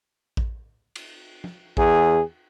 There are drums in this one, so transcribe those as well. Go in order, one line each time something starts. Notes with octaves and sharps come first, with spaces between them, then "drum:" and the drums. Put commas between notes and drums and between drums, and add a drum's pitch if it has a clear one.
drum: kick A1
drum: cymbal
drum: tom
E2 G#4, drum: kick A1